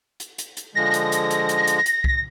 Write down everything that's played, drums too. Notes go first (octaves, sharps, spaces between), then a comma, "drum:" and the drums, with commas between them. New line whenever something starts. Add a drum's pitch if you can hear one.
drum: hi-hat
drum: hi-hat
drum: hi-hat
D3 F3 G#3 A#6
drum: hi-hat
drum: hi-hat
drum: hi-hat
drum: hi-hat
drum: hi-hat
drum: hi-hat
drum: kick C2